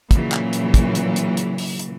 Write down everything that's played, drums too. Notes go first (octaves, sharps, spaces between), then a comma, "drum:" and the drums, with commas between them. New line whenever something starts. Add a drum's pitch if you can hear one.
A#2 C#3 E3 F#3, drum: kick, hi-hat
drum: clap
drum: hi-hat
drum: kick, hi-hat
drum: hi-hat
drum: hi-hat
drum: hi-hat
drum: open hi-hat
drum: hi-hat